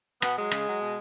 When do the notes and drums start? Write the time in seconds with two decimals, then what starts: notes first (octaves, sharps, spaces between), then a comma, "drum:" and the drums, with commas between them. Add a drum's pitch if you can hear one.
0.22 B2 B3, drum: rim click
0.36 F#3 G#3
0.51 C#3, drum: rim click
0.66 F#3
0.80 B2